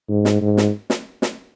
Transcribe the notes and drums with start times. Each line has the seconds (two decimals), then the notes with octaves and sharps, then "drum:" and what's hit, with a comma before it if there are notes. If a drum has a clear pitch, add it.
0.09 G#2
0.25 drum: snare
0.41 G#2
0.57 drum: snare
0.90 drum: snare
1.22 drum: snare